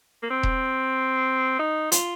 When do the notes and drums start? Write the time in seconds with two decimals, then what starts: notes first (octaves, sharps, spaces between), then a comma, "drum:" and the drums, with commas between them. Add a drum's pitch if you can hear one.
0.23 A#3
0.30 C4
0.43 drum: kick E1
1.59 D#4
1.92 F4, drum: hi-hat